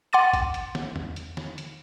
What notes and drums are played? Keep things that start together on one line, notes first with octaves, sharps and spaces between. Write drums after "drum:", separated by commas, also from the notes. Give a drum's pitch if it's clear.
F#5 C6 D6 A6 D#7
drum: kick G#1, hi-hat
drum: hi-hat
drum: snare
drum: tom E2
drum: hi-hat
drum: snare
drum: hi-hat